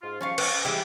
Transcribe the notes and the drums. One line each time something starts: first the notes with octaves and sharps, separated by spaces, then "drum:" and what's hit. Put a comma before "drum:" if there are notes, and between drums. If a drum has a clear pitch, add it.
G#2 F4
F3 G3 C#4 F5 C#6
B4, drum: cymbal
E3 G3 G#3 E4